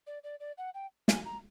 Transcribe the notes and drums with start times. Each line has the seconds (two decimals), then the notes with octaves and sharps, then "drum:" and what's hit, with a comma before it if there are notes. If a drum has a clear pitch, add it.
0.07 D5
0.24 D5
0.40 D5
0.58 F#5
0.74 G5
1.08 G#5, drum: snare
1.25 A#5